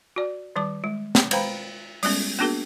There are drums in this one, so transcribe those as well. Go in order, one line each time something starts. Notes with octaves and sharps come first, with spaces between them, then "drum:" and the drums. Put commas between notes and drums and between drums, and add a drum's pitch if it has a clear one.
F#4 D5
D#3 G3 A5 D6
G#3
drum: snare
B4 C5 F5 G5 A#5 B5, drum: cymbal
G3 G#3 B3 C#4, drum: open hi-hat
A#3 B3 D4 F#4 G#4 A#4